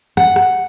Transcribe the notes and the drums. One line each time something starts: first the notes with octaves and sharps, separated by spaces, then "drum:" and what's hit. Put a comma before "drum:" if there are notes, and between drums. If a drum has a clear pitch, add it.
F#5, drum: rim click
drum: rim click